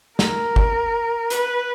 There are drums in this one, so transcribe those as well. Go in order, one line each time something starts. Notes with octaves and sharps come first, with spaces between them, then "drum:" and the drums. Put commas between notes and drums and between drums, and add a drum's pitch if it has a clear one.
A#4, drum: snare
drum: kick G1
B4, drum: hi-hat